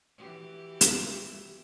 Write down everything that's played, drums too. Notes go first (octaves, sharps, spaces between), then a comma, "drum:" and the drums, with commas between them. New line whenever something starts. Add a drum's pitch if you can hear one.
E3 F#4 G4
drum: hi-hat